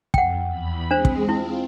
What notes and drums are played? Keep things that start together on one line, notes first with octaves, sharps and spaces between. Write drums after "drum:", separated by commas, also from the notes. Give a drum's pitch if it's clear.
F2 F#5 G5, drum: kick
E2 B5
G#3 C4 D4 G#4 C5
drum: kick
C4 E4 F4